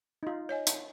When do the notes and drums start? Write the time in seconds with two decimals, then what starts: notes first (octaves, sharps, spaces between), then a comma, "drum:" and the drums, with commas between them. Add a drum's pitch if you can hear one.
0.23 D#4 F4
0.49 C#5 D#5 G#5
0.67 drum: hi-hat